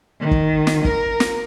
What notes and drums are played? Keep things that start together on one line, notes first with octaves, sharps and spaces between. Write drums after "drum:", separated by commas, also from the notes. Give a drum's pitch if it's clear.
D#3
drum: kick
drum: snare
A#4, drum: kick
drum: snare